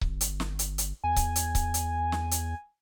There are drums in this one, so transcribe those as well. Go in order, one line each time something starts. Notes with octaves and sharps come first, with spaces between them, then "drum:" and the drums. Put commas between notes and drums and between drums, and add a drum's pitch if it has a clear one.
G1, drum: kick C#1
drum: hi-hat
drum: snare
drum: hi-hat
drum: hi-hat
E2 G#5
drum: kick C#1, hi-hat
drum: hi-hat
drum: kick C#1, hi-hat
drum: hi-hat
drum: snare
drum: hi-hat